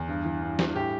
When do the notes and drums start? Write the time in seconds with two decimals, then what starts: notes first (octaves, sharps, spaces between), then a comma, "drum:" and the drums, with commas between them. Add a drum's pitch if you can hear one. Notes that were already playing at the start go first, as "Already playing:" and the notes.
Already playing: E2
0.08 G2
0.25 E3
0.42 G2
0.59 G2, drum: snare
0.75 A2 G4